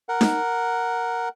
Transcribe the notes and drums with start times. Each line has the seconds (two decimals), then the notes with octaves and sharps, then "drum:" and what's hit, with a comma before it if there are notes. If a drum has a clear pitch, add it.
0.09 A#4 F#5
0.21 drum: snare D#4